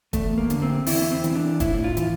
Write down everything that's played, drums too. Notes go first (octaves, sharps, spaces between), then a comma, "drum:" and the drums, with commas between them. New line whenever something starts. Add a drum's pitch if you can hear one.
E2 A3, drum: kick, hi-hat
A#3
D3, drum: hi-hat
C4
E2 E4, drum: open hi-hat
C4
E3, drum: hi-hat
D4
A2 E4, drum: kick, hi-hat
E4
F4
E3, drum: hi-hat